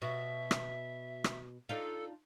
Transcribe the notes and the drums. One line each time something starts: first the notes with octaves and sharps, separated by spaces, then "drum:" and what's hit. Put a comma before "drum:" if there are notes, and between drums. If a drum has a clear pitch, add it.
B2 F#4 E5
drum: rim click
drum: rim click
D4 D#4 F4 A4